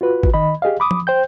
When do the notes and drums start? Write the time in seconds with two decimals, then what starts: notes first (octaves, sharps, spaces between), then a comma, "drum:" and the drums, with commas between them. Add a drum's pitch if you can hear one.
0.01 F4 F#4 B4
0.23 drum: kick
0.34 D#3 D#5 B5
0.62 G4 G#4 D#5 F5
0.80 B5 D6 D#6
0.91 drum: tom F3
1.07 C5 G5 G6